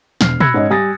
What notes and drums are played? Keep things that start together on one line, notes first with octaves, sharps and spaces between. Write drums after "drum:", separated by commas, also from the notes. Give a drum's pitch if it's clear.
E1 F6 C7, drum: snare
B5 E6 F#6 G#6 A#6 C#7, drum: tom
G#2 C#4 D#5
G3 G#5 D#6 A6 A#6